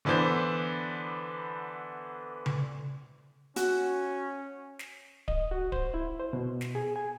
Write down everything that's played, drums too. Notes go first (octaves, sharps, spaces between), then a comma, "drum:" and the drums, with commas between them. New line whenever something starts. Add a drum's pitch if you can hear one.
D3 E3 B3 D4 C5
drum: tom C#3
C#4 F#4, drum: hi-hat
drum: snare
D#5, drum: kick D1
F#4
C5, drum: kick D1
E4
C5
B2
drum: snare
G#4
G#5